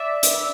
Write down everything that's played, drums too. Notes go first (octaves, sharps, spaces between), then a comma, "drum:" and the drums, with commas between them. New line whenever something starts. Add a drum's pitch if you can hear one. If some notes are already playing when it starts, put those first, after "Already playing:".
Already playing: D5 E5
drum: hi-hat